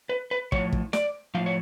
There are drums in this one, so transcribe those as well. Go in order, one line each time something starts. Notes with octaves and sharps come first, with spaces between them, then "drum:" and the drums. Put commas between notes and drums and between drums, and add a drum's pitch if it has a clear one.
B4
B4
A2 F3 C#5, drum: kick
drum: kick
D5, drum: snare
A2 F3 F5
C#5